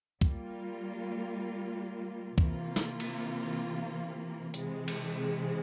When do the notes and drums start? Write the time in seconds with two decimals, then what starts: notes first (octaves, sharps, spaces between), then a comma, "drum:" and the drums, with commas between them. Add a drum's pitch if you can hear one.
0.21 G3 A#3 F4, drum: kick
2.38 C3 E3 A#3 F4, drum: kick
2.76 drum: snare
3.00 drum: cymbal
4.54 C3 E3 G#3, drum: hi-hat
4.88 drum: cymbal